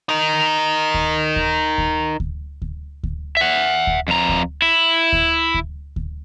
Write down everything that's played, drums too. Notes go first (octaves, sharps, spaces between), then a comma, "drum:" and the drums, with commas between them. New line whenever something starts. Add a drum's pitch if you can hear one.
D#4 A#4
drum: kick D2
drum: kick D2
drum: kick D2
drum: kick D2
drum: kick D2
drum: kick D2
E5 F#5
drum: kick D2
F2 A#5
drum: kick D2
E4
drum: kick D2
drum: kick D2
drum: kick D2